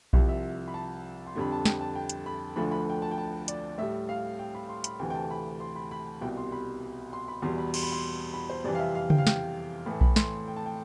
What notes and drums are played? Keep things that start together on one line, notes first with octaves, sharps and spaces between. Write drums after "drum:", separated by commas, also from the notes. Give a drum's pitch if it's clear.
C2 C3 F3 E5, drum: kick B1
E5
B5
A5
C6
F2 D3 G3 B5
A5
G5, drum: snare
A5
G5
drum: hi-hat
B5
D2 D3 F3 A3 B5
B5
G5
A5
G5
A5
D5, drum: hi-hat
A2 G3 E5
F5
G5
B5
C6
B5, drum: hi-hat
D2 C3 E3 A3 G5
G5
A5
B5
C6
B5
B5
C2 B2 G3 G5
C6
B5
C6
B5
E2 B2 G3 C6
B5
C6, drum: cymbal
B5
C6
B5
C5
F2 C3 E3 G3 D5
F5
E5
F5
G5, drum: tom C#3
F5
G5, drum: snare
A2 E3 A3 B5
B5, drum: kick B1
C6, drum: snare
G5
A5
G5